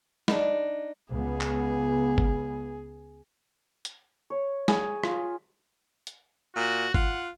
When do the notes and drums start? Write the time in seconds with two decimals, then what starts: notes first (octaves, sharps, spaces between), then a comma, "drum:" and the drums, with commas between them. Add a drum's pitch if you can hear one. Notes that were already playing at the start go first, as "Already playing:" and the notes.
0.28 D4 D#4, drum: snare
1.13 C#2 B3 G#4
1.41 drum: clap
2.18 drum: kick
3.85 drum: hi-hat
4.30 C#5
4.68 G#4, drum: snare
5.04 F4, drum: rim click
6.07 drum: hi-hat
6.56 A#2 F#4
6.94 F4 F#5, drum: kick